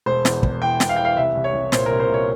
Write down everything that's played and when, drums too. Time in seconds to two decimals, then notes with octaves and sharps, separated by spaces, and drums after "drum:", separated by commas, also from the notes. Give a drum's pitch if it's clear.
0.06 E1 C5
0.25 E2, drum: snare
0.43 E1, drum: kick
0.61 E3 G5
0.80 E1, drum: snare
0.89 F5
0.96 E3 G5
1.05 F5
1.17 C2 E5
1.35 C2
1.44 C#5
1.54 C2
1.72 A#2 C5, drum: snare
1.86 C2 A#4
2.00 C5
2.09 A#2 C#5